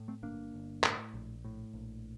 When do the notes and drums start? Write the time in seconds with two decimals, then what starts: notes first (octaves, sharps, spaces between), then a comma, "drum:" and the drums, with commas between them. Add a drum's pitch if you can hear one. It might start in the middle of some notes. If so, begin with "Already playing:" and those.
Already playing: A2
0.08 A3 C4
0.22 G1 A#3 D4
0.54 G1
0.84 A2, drum: clap
1.14 A#1
1.45 A2
1.74 A#1